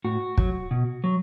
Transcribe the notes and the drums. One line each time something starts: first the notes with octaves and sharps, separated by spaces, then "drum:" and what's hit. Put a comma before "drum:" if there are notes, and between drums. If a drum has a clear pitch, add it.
A2 F#4
F#3, drum: kick
B2
F#3